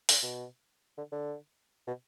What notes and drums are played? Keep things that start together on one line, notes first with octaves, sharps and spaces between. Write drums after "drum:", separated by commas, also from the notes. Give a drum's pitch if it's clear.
D3, drum: open hi-hat
B2
D3
D3
B2